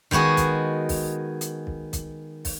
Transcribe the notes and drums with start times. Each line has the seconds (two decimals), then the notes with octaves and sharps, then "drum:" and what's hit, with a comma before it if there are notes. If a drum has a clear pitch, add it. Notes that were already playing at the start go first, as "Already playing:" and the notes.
0.11 D#3 G#3 B3 F#4 G#4, drum: kick
0.37 drum: kick, hi-hat
0.89 drum: kick, open hi-hat
1.41 drum: hi-hat
1.67 drum: kick
1.93 drum: kick, hi-hat
2.45 drum: kick, open hi-hat